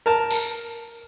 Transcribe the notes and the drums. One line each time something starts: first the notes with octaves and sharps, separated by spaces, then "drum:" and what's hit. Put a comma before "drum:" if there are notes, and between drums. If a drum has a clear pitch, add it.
A#4 A5
drum: tambourine